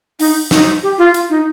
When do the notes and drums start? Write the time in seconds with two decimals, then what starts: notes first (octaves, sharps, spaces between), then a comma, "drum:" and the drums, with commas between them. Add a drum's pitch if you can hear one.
0.19 D#4, drum: open hi-hat
0.51 D#4, drum: snare
0.83 G4
0.98 F4
1.14 F4, drum: hi-hat
1.30 D#4